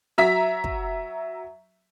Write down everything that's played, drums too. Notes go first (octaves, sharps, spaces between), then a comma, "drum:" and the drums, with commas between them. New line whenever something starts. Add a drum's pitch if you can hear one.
F#3 E5 A#5 B6
drum: kick